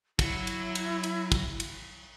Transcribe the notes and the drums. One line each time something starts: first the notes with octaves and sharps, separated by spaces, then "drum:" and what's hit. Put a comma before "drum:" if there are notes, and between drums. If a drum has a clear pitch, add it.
F#3 E4 F#5, drum: kick, cymbal
drum: cymbal
drum: cymbal
drum: cymbal
drum: kick, cymbal
drum: cymbal